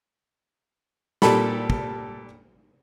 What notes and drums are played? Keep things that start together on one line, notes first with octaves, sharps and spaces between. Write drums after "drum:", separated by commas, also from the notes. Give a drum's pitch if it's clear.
A#2 G3 A4 B5, drum: snare
drum: kick